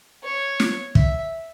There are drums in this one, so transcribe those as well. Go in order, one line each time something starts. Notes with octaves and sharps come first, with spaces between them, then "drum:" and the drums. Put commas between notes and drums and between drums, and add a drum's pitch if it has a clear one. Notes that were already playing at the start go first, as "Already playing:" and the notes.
C#5
drum: snare
E5, drum: kick